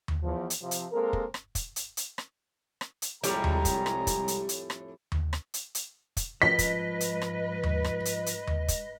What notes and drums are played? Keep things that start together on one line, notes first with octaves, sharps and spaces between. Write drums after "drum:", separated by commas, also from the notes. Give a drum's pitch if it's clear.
drum: tom D#2
E2 F3
drum: hi-hat
C3 F3
drum: hi-hat
G#3 A#3 C4 A4 A#4
drum: kick
drum: rim click
drum: kick, hi-hat
drum: hi-hat
drum: hi-hat
drum: rim click
drum: rim click
drum: hi-hat
C2 F2 A2 G3 G#3 C#5 A#5, drum: hi-hat
drum: tom D#2
drum: kick, hi-hat
drum: rim click
drum: kick, hi-hat
drum: hi-hat
drum: hi-hat
drum: rim click
drum: tom D#2
drum: rim click
drum: hi-hat
drum: hi-hat
drum: kick, hi-hat
G#2 F3 B4 D#5 B6
drum: kick, hi-hat
drum: hi-hat
drum: rim click
drum: tom D#2
drum: rim click
drum: hi-hat
drum: hi-hat
drum: tom D#2
drum: kick, hi-hat